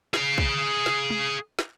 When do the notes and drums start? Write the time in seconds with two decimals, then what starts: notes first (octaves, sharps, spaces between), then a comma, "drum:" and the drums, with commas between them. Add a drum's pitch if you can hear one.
0.14 G#4 F5, drum: snare
0.38 drum: kick
0.86 drum: snare
1.10 drum: tom
1.59 drum: snare